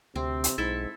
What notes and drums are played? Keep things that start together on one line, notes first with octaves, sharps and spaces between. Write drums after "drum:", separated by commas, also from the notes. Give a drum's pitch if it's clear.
D2 C3 C4
drum: hi-hat
B1 G#2 E4 A4 E5